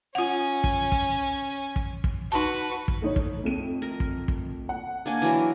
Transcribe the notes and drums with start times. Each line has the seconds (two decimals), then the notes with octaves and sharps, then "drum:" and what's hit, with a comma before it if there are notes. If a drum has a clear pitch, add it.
0.15 C#4 F4 F#5 G#5
0.64 drum: kick
0.92 drum: kick
1.76 drum: kick
2.04 drum: kick
2.32 D#4 F#4 B4 A5
2.88 drum: kick
3.02 A3 D#4 C#5
3.16 drum: kick
3.43 F2 A3 D#7
3.82 A#4
4.00 drum: kick
4.28 drum: kick
4.69 F#5
5.06 A#3 D4 G#5
5.22 E3 F#3 A#4